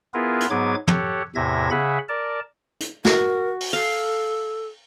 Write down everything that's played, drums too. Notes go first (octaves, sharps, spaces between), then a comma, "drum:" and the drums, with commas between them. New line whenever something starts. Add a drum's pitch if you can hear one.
B3 E4 F4 G#4 A#4 B4
drum: hi-hat
G#2 F#3 B3 G#4 D6 G#6
G4 A4 C#5 F#5, drum: tom
E2 A2 C3 E5 G#6 A#6
C#3 G#4 E5 F#5 B5
A#4 D5 A5
drum: hi-hat
F#4 A#4, drum: snare
drum: open hi-hat
A4 F5